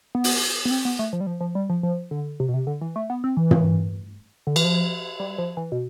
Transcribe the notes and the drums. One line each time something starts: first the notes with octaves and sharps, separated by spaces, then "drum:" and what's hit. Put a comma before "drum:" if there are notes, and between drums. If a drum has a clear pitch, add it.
B3
drum: open hi-hat
B3
C4
B3
A3
F3
G3
F3
F3
G3
F3
F3
D3
C3
B2
C3
D3
E3
A3
B3
C4
E3
drum: tom
D3
E3, drum: cymbal
F3
G3
F3
E3
B2